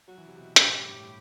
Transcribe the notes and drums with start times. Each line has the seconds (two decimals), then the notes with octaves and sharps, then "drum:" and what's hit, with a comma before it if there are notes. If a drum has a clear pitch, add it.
0.08 F#3 F#4
0.18 E3
0.27 C3
0.37 B2
0.56 A2, drum: hi-hat
0.66 B2 G4
0.76 A2
0.85 G2
0.95 A2